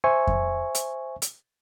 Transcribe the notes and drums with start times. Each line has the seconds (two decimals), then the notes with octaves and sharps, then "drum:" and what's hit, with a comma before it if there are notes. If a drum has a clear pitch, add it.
0.04 C5 E5 G#5 C#6
0.27 drum: kick F2
0.75 drum: hi-hat
1.22 drum: hi-hat